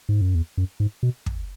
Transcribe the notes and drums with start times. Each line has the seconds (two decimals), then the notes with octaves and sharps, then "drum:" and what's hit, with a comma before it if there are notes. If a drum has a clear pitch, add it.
0.09 G#2
0.21 F#2
0.35 E2
0.58 F#2
0.80 G#2
1.03 B2
1.26 drum: kick